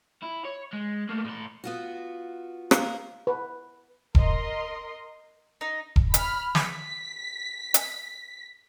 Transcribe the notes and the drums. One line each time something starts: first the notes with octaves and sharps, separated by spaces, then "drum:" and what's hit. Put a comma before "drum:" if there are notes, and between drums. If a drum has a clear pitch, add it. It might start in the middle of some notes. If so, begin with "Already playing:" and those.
E4
C#5
G#3
A3 A#3
A2 C6
B3 F4 F#4
A#3, drum: rim click
B4
A#4 D#5 C6, drum: kick E1
D#4
drum: kick E1
B5 F6, drum: hi-hat
B6, drum: snare
drum: hi-hat